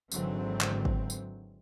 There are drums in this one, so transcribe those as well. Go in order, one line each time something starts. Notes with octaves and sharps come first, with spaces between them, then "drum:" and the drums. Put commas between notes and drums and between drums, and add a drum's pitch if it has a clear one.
G#1 G#2 D3 E3 F#3 C4, drum: tambourine
drum: clap
drum: kick
drum: tambourine